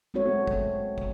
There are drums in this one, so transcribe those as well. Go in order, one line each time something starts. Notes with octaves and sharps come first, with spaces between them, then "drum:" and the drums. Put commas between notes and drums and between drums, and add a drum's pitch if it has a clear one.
G#3 A3 B3 C4 F#4 C#5
drum: kick
drum: kick